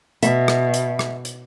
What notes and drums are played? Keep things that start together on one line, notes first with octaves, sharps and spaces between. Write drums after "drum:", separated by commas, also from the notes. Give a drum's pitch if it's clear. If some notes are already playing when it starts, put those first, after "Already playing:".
B2 E5, drum: hi-hat
drum: rim click
drum: hi-hat
drum: rim click
drum: hi-hat